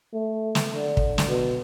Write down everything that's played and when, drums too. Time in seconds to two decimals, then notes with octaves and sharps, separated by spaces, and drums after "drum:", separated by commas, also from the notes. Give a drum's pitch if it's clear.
0.13 A3
0.55 drum: snare
0.74 D3
0.97 drum: kick
1.18 drum: snare
1.28 B2